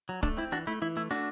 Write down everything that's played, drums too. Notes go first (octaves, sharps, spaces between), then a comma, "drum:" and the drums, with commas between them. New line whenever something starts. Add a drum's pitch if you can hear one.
F#3
A3 D4, drum: kick
C4 E4
E3 D4 F#4
A3 E4
E3 E4
A3 E4
A3 D4 F#4